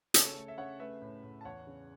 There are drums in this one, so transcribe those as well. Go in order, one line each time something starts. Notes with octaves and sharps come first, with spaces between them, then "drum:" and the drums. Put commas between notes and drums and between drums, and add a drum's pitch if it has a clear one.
C#3 A4 C#5, drum: hi-hat
A3
E5
C#3 C#5 F#5
A3 B4 E5
A2
A2
A5
E2 C#5 F#5
C#3